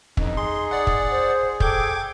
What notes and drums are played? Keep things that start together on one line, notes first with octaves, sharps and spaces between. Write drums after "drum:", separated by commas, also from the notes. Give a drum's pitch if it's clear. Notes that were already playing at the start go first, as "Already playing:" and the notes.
A1 F2 D#4, drum: kick
G#4 C6
D5 F#5
drum: kick
C5
A4 G5 D6 G6 G#6, drum: kick